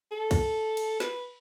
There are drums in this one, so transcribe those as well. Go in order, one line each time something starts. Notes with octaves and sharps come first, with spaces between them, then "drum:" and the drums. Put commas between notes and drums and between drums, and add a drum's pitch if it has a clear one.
A4
drum: kick, cymbal
drum: cymbal
B4, drum: snare